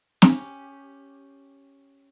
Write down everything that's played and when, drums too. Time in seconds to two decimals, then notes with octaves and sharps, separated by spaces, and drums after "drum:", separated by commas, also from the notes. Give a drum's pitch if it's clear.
0.22 C#4 G4, drum: snare